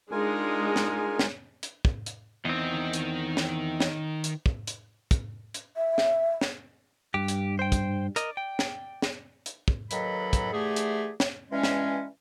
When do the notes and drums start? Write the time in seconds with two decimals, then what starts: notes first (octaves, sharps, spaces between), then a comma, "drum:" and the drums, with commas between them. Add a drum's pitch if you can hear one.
0.12 G#3 D4 D#4 F4 A#4 G#5
0.76 drum: snare
1.19 drum: snare
1.63 drum: hi-hat
1.85 drum: kick
2.06 drum: hi-hat
2.45 E2 D#3 C4 D#5
2.93 drum: hi-hat
3.37 drum: snare
3.80 drum: snare
4.24 drum: hi-hat
4.46 drum: kick
4.67 drum: hi-hat
5.11 drum: kick, hi-hat
5.54 drum: hi-hat
5.77 E5
5.98 drum: snare
6.41 drum: snare
7.14 G2 G4
7.28 drum: hi-hat
7.59 C5 G5
7.72 drum: kick, hi-hat
8.16 A#4 D5 D#5, drum: hi-hat
8.37 G5
8.59 drum: snare
9.02 drum: snare
9.46 drum: hi-hat
9.68 drum: kick
9.91 D#2 D#3 F#3 A4 B4 B5, drum: hi-hat
10.33 drum: kick, hi-hat
10.53 D3 E3 A3 G4 G#4
10.76 drum: hi-hat
11.20 drum: snare
11.51 G2 E3 G#3 C#4
11.63 drum: snare